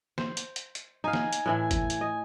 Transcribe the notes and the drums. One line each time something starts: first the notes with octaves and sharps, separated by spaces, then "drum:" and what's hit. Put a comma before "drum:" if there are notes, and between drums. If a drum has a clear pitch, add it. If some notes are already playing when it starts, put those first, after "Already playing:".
C5, drum: snare
drum: hi-hat
drum: hi-hat
drum: hi-hat
D#4 F5 G#5
drum: snare
drum: hi-hat
A2 E3 E4
drum: kick, hi-hat
drum: hi-hat
D#5